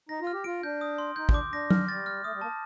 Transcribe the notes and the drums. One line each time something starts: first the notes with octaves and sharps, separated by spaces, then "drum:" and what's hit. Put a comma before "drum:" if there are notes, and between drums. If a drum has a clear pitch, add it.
D#4 A#6
F4
F6
G4
F4 D7
D4 G6
D#6
C6
D#4 G6
D4, drum: kick
D6
D4 A#6
F6, drum: tom
G3 A6
F6
A3 D#6
G3
A#3 A5